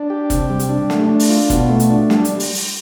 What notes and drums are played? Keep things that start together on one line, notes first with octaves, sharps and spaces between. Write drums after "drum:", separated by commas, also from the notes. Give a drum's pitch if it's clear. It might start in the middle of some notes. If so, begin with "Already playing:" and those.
Already playing: D4
G4
C3, drum: kick, hi-hat
G3
drum: hi-hat
D4
A3, drum: snare
D4
drum: open hi-hat
F4
B2, drum: kick, hi-hat
A3
drum: hi-hat
D4
G3, drum: snare
drum: hi-hat
drum: open hi-hat
drum: open hi-hat